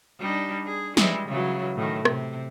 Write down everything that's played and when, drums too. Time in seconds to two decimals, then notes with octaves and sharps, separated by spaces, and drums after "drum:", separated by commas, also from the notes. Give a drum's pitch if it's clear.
0.19 G3 D4 D#4
0.66 G#4
0.97 E3 G3 G#3, drum: snare
1.28 C#3 E3 F#3
1.75 A2 D#3
2.05 C3, drum: rim click